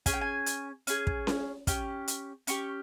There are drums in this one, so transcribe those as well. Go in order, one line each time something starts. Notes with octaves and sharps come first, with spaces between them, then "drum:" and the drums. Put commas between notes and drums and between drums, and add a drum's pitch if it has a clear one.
C#4 G#4 G#5, drum: kick, hi-hat
G5
G#5
drum: hi-hat
C#4 G#4, drum: hi-hat
drum: kick
drum: snare C#4
C#4 G4, drum: kick, hi-hat
drum: hi-hat
C#4 G4 C#6, drum: hi-hat